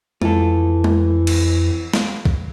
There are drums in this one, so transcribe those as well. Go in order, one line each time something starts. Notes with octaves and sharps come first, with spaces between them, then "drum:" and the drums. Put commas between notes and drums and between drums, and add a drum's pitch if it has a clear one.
F2 E3 F4 A4, drum: tom G#3
drum: tom G#3
drum: cymbal
drum: snare
drum: kick B1